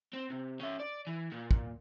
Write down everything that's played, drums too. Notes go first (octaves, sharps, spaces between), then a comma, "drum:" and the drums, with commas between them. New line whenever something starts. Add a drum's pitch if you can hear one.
C4
C3
C#4 E5
D5
E3
A#2
drum: kick